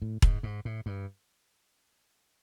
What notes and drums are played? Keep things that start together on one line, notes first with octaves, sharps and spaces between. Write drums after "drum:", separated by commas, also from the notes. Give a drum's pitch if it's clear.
A2
G#2, drum: kick E1
G#2
A2
G2